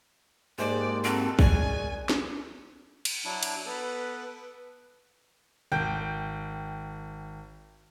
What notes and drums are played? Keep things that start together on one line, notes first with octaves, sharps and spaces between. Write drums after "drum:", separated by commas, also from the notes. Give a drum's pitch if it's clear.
G#2 G#3 A#3 G4 C5 D5
C4 F#4 A4 A#4
G#3 D5 G#5, drum: kick
drum: snare
drum: cymbal
F#3 D4 E4 A5
drum: cymbal
B3 A4 B4
G#1 G5 G6